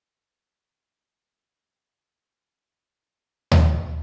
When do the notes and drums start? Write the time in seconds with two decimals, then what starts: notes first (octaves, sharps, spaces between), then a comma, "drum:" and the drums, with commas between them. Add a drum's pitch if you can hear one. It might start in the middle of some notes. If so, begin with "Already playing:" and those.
Already playing: G2 D#3 A#3
0.08 B3 D#4
0.32 G4 A#4
1.30 D#2 D#3 G3 A#3
1.95 A#4
2.05 G#4 B4
2.41 G#4 B4
2.79 C#2 B2 G#3 B3
3.51 drum: tom D#2